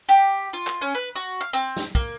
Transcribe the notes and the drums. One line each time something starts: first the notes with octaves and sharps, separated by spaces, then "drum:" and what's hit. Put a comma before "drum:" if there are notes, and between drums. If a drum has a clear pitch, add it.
G4
F4
drum: clap
C#4
B4
F#4
F5
C4
drum: snare
A#3, drum: kick